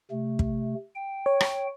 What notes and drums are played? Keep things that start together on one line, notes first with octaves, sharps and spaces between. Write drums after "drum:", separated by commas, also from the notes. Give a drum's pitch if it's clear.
C3 A3
drum: kick
G5
C#5
drum: rim click